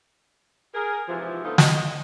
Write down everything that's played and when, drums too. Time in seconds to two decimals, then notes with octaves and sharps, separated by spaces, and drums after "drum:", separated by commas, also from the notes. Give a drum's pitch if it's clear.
0.74 G#4 A#4
1.08 G#2 C3 E3 F3
1.44 D3 F3 A3 B3 D#4 F4
1.58 D#5, drum: snare